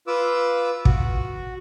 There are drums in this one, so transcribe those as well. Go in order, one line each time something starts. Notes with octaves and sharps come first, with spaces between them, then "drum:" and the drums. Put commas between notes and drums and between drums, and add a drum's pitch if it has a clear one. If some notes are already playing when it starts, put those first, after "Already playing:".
F4 B4 D6 E6
F#4, drum: kick